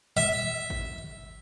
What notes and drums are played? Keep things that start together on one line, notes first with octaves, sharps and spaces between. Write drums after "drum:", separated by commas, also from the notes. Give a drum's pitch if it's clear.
E5
drum: kick G#1